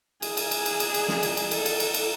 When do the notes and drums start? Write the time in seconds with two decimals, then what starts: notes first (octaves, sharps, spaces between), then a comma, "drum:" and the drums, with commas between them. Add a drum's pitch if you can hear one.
0.22 G#4, drum: cymbal
0.37 drum: cymbal
0.51 drum: cymbal
0.66 drum: cymbal
0.80 drum: cymbal
0.94 drum: cymbal
1.08 drum: snare
1.23 drum: cymbal
1.37 drum: cymbal
1.51 A4, drum: cymbal
1.66 drum: cymbal
1.80 drum: cymbal
1.94 drum: cymbal